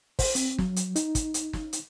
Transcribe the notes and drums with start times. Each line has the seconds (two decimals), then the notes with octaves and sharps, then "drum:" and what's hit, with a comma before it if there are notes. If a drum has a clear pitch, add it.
0.19 C5, drum: kick, open hi-hat
0.35 C4, drum: hi-hat
0.58 F#3, drum: snare
0.76 drum: hi-hat
0.96 D#4, drum: hi-hat
1.15 drum: kick, hi-hat
1.34 drum: hi-hat
1.53 drum: snare
1.73 drum: hi-hat